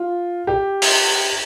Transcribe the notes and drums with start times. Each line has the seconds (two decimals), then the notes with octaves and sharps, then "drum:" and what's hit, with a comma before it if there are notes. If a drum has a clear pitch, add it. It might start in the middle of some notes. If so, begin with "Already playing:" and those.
Already playing: F4
0.47 G4
0.82 drum: open hi-hat